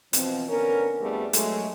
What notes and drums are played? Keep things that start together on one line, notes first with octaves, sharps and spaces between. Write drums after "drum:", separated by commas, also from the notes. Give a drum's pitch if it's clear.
B2 E3 F3 C4, drum: hi-hat
D3 B3 C#4 A#4
F2 G3 A3 B3 D4 G#4
F#3 G#3 A3, drum: hi-hat